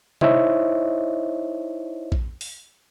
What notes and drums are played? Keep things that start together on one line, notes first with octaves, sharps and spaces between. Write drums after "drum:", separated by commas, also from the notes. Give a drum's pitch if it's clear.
D#4 E4 C5 C#5 D#5 E5, drum: tom C3
drum: kick A#1
drum: open hi-hat